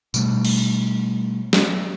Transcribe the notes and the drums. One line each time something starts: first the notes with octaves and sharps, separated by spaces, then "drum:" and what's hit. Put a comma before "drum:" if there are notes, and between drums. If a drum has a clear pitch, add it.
B2 G3 A3, drum: tambourine
drum: cymbal
drum: snare